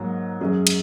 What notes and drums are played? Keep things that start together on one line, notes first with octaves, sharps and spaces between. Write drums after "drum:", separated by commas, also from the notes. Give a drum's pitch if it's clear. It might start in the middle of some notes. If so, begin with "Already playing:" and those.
Already playing: G#2 F#3 A#3
F#2 F#3 C#4 G#4
drum: cymbal